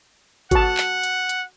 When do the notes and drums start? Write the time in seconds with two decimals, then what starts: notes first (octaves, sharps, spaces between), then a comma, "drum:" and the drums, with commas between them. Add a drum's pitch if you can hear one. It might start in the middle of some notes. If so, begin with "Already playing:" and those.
0.51 F#4 F#5 A5, drum: kick G#1, hi-hat
0.77 drum: clap
1.03 drum: hi-hat
1.29 drum: hi-hat